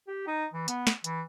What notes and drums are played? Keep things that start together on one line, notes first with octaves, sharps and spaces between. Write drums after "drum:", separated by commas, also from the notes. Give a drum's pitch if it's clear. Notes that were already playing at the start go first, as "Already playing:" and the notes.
G4
D#4
E3
B3, drum: hi-hat
drum: snare
E3, drum: hi-hat